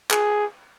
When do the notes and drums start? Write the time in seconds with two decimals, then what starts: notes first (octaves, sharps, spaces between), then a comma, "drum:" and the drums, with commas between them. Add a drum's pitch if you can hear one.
0.11 G#4, drum: clap